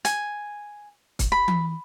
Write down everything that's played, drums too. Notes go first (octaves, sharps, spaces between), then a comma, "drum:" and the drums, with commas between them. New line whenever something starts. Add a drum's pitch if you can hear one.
G#5, drum: hi-hat
drum: kick, hi-hat
B5
drum: tom E3